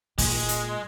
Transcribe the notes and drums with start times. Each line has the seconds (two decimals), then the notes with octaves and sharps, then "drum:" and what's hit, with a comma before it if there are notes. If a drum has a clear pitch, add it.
0.18 A#2 G#3, drum: kick, open hi-hat
0.49 drum: hi-hat